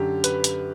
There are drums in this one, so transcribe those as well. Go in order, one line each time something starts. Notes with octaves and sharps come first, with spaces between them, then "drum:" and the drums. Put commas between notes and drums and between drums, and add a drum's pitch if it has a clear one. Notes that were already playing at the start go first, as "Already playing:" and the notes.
Already playing: F#2 D3 G4
B4, drum: hi-hat
drum: hi-hat